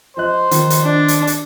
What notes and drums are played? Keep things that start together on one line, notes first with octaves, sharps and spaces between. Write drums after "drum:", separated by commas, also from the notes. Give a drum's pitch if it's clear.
F3 C5 D#5 F#6
D#3 F3, drum: hi-hat
drum: hi-hat
D4
drum: hi-hat
drum: hi-hat